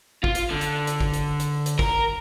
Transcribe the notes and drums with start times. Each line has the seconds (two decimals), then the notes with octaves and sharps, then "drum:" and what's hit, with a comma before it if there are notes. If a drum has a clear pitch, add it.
0.24 F4, drum: kick
0.35 drum: hi-hat
0.51 D3
0.61 drum: hi-hat
0.87 drum: hi-hat
1.00 drum: kick
1.14 drum: hi-hat
1.40 drum: hi-hat
1.66 drum: hi-hat
1.79 A#4, drum: kick